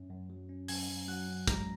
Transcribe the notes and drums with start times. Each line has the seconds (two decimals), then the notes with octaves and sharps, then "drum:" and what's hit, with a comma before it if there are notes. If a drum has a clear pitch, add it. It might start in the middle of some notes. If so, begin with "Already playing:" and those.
Already playing: F#2 C#4
0.10 F#2
0.30 F#3
0.49 C#4
0.68 F#2 G#5 G#6, drum: open hi-hat
0.89 F#2
1.08 F#3 F#5 F#6
1.28 F#2
1.47 G#3 A#5 A#6, drum: kick, hi-hat